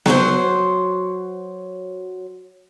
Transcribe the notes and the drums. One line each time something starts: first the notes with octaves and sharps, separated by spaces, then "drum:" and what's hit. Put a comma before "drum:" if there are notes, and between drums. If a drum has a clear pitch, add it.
F#3 C5, drum: snare B3